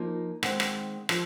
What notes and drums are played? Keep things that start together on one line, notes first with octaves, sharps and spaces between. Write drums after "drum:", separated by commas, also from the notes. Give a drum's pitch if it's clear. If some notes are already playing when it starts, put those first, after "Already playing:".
Already playing: F3 A#3 D#4
D#3 G#3 C4 F#5, drum: rim click
drum: rim click
F3, drum: rim click